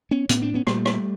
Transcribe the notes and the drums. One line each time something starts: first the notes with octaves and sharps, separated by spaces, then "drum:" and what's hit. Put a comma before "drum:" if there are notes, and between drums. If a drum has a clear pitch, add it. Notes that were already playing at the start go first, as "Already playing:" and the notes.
B3 C#4
A2 B3 C#4, drum: hi-hat
C4 D4
B3 C#4
A#2 G3 A3, drum: rim click
drum: rim click